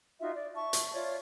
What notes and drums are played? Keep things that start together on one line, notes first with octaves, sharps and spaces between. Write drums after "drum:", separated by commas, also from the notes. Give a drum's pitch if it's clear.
D#4 F4 F#4 E5
D5
E5 A5 C#6
drum: hi-hat
F4 C#5 D5 E5